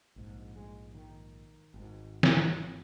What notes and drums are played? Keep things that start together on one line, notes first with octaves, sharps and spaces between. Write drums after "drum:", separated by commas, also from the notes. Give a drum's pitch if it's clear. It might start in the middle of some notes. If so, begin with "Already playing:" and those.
A#1 G#2
G#3
D#3
G#1 G#2
drum: snare
F3